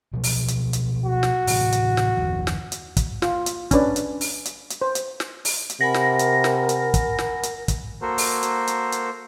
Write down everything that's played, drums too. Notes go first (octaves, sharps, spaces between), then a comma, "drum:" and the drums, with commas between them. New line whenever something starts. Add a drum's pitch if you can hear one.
B2 F3 F#3
drum: open hi-hat
drum: hi-hat
drum: hi-hat
F#4
drum: snare
A2 C3 E3, drum: open hi-hat
drum: hi-hat
drum: snare
F#1 D#2 F3
drum: snare
drum: hi-hat
drum: kick, hi-hat
F4, drum: snare
drum: hi-hat
C#4 D4 B4 D5, drum: kick, hi-hat
drum: hi-hat
drum: open hi-hat
drum: hi-hat
drum: hi-hat
C5
drum: hi-hat
drum: snare
drum: open hi-hat
drum: hi-hat
C3 A#4 F#5 G#5 B5 A#6
drum: snare
drum: hi-hat
drum: snare
drum: hi-hat
drum: kick, hi-hat
drum: snare
drum: hi-hat
drum: kick, hi-hat
A#3 F#4 A4 A#4 C5
drum: open hi-hat
drum: hi-hat
drum: hi-hat
drum: hi-hat